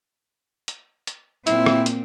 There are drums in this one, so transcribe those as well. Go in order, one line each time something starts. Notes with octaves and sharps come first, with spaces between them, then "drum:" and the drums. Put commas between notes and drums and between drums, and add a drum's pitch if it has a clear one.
drum: hi-hat
drum: hi-hat
A#2 C4 E4, drum: hi-hat
drum: rim click
drum: hi-hat